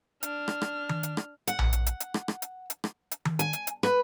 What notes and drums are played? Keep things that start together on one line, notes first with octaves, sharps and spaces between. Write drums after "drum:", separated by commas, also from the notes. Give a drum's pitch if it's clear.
D4 F6, drum: hi-hat
drum: rim click
drum: rim click
drum: tom D#3
drum: hi-hat
drum: rim click
F#5, drum: hi-hat
drum: tom A#1
drum: hi-hat
drum: hi-hat
drum: hi-hat
drum: rim click
drum: rim click
drum: hi-hat
drum: hi-hat
drum: rim click
drum: hi-hat
drum: tom D#3
G#5, drum: hi-hat
drum: hi-hat
drum: hi-hat
B4, drum: rim click